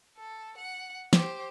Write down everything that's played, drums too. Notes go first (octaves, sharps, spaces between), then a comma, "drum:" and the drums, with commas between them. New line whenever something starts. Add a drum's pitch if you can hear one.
A4
F#5
G4 C5, drum: snare